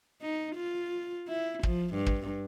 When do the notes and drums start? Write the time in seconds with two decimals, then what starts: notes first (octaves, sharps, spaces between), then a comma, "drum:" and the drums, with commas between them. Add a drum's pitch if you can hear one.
0.22 D#4
0.55 F4
1.28 E4
1.63 F3, drum: kick
1.94 G2
2.06 drum: kick